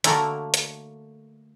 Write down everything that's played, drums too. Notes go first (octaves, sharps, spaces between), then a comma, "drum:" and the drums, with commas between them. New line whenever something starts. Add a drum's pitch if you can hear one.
D3 A3 A#3 F#4 A4 A#4, drum: hi-hat
drum: hi-hat